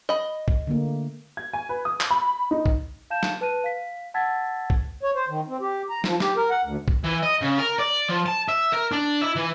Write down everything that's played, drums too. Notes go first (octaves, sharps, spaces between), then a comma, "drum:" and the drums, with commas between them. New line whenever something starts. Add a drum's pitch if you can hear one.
D#5 B5
drum: kick A#1
D3 A3 A#3
G#6
G#5
B4
D#6
drum: clap
B5
D#4
drum: kick A#1
F5 A5 G6 E7
drum: snare
B4 A5 F#6 D#7
F5 B6
F#5 A5 E6 G#6 A6 B6
drum: kick A#1
C#5
C5
D#3
C4
G4
A#5
F3, drum: snare
G4, drum: snare
A#4
F#5
D2
drum: kick A#1
E3
D#5
C#3
A#4
D5
F3
A5
E5
A#4
D4
E4
E3